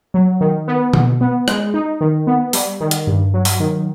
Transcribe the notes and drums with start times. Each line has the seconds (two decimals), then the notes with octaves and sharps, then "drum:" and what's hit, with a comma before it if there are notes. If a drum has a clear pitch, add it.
0.14 F#3
0.41 D#3
0.68 B3
0.94 B2, drum: tom D3
1.21 B3
1.48 G#3, drum: rim click
1.74 D#4
2.01 D#3
2.27 B3
2.53 G3, drum: open hi-hat
2.80 D#3
2.91 drum: hi-hat
3.07 G2
3.34 F#3
3.45 drum: open hi-hat
3.60 D#3